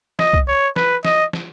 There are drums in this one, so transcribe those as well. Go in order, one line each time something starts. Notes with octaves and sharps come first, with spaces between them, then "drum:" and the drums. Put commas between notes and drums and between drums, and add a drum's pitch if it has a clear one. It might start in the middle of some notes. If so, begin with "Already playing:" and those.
D#5, drum: snare
drum: kick C2
C#5
B4, drum: snare
D#5, drum: snare
drum: snare